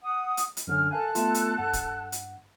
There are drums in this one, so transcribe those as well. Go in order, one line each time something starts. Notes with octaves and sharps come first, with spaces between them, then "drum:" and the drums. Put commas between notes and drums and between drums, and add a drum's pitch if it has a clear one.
F#5 D#6
drum: hi-hat
drum: hi-hat
F#2 D3 C#4 F6
A4 A#4 F5 G#5 A5 F#6
A3 B3 F4, drum: hi-hat
drum: hi-hat
G2 F#5
drum: kick, hi-hat
drum: hi-hat